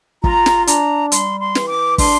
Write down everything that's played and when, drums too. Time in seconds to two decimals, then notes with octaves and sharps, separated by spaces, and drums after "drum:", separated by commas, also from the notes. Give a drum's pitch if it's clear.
0.24 F4 A#5, drum: kick
0.46 drum: snare
0.67 D4 A#5, drum: hi-hat
1.12 G3 C6, drum: hi-hat
1.40 C6
1.55 E3, drum: snare
1.69 D6
1.98 D4 C6, drum: kick, open hi-hat